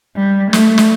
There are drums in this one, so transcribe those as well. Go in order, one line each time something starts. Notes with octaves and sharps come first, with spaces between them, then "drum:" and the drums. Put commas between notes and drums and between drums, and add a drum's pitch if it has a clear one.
G3
A3, drum: snare
drum: snare